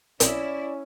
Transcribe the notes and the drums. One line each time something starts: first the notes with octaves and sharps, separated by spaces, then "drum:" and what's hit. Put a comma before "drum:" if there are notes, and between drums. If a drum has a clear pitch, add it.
B1 C4 C#4 E4 D5 E6, drum: hi-hat